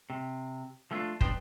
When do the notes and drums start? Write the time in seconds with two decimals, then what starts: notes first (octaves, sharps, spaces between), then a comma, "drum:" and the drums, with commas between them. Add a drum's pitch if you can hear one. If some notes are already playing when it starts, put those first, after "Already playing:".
0.10 C3
0.91 F3 A3 B3 C#4 D4 F4
1.21 F#3 B3 D4 G4 C5, drum: kick